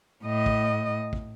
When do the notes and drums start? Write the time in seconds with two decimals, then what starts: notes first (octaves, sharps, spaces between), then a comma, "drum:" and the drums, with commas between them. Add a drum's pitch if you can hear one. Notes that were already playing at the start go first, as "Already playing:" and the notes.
0.24 A2 D#5
0.46 drum: kick
1.13 drum: kick